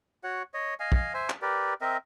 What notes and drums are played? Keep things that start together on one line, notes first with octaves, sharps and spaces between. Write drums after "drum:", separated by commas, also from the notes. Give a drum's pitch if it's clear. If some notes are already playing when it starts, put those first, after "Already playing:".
F#4 C#5 F#5
C#5 D#5
D#5 F5 G#5
drum: kick
C5 E5 G#5
drum: clap
G4 A#4 B4 D5
C4 A#4 D#5 E5